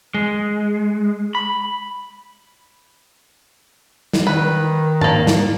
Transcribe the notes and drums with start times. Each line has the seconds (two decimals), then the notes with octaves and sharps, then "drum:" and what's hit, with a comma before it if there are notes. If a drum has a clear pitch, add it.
0.14 G#3
1.35 B5
4.13 drum: snare
4.27 D#3 B4
5.01 A#3 A5, drum: tom G#2
5.27 drum: snare